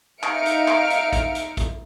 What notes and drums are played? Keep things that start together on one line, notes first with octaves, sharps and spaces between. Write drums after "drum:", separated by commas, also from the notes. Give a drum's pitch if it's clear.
D#4 E5 F5 F6 C#7 D7, drum: clap
drum: hi-hat
drum: clap
drum: hi-hat
drum: kick A#1, hi-hat
drum: hi-hat
drum: kick A#1, hi-hat